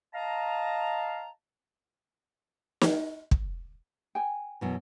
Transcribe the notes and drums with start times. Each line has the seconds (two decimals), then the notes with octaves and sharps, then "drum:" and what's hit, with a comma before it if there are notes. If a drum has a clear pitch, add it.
0.14 D#5 F5 A5 A#5
2.81 drum: snare
3.31 drum: kick
4.15 G5 G#5
4.61 F#2 B2 E3